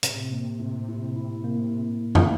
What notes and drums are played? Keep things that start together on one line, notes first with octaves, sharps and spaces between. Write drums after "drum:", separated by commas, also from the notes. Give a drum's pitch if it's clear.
A2 C3, drum: hi-hat
A#3
A2
E4
E4
A#3
drum: tom